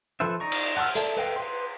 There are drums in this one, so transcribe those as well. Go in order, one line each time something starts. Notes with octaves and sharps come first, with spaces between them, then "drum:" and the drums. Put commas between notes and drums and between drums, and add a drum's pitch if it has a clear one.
F3 A4 B4 C5 E5
D#4 D5 A#5 C#6
drum: cymbal
F#5 A5 C#6 E6 F6
A4 D5 E5 A5, drum: hi-hat
A4 B4 D#5 F5 G5
B4 C6